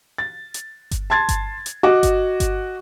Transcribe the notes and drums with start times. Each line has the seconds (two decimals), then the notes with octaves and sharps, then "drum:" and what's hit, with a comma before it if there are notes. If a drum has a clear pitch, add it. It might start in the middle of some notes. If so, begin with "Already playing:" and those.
0.18 A6
0.54 drum: hi-hat
0.91 drum: kick G1, hi-hat
1.10 A5 C6 G#6 A6
1.29 drum: kick G1, hi-hat
1.66 drum: hi-hat
1.83 F#4 D#5 D6
2.03 drum: kick G1, hi-hat
2.40 drum: kick G1, hi-hat